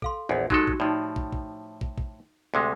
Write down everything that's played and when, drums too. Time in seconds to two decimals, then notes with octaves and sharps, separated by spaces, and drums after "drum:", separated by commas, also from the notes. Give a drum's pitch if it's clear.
0.02 A4 F5 C6, drum: kick
0.29 A#1 E2 E4 D#5
0.50 F#3 G#3 D#4 F#4 G4 A4, drum: kick
0.67 drum: kick
0.80 A2 F3 D#4 D5
1.16 drum: kick
1.32 drum: kick
1.81 drum: kick
1.98 drum: kick
2.54 D2 C3 G#3